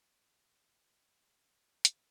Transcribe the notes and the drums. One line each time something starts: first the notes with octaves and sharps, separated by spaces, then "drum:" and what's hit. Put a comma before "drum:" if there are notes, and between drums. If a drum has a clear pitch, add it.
G3
A3
A#3
A3
A#3
A#3, drum: hi-hat